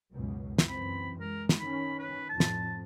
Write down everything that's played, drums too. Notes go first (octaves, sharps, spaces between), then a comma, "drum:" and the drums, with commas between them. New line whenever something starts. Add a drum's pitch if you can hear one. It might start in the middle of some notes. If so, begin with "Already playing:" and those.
C#2 F#2 B2
drum: snare
F#2 E3 C4 B5
G#3 A#4
drum: snare
D#3 C#4 B5
B4
F2 A2 A5
drum: snare